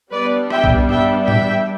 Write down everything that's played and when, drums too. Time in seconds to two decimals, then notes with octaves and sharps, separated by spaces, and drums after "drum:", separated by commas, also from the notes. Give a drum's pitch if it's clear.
0.12 G3 B3 D4 B4 D5
0.50 E5 G5, drum: rim click
0.64 drum: kick A#1
0.89 E5 G5, drum: tom G2
1.28 E5 G5, drum: tom G#2